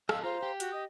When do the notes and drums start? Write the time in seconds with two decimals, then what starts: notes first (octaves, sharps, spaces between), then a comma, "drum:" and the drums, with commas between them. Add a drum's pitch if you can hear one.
0.09 A4 D#5 F5 E6, drum: rim click
0.24 F4 C5 F5 A#5
0.43 G4
0.60 F#4 F#6, drum: hi-hat
0.73 D#5 D#6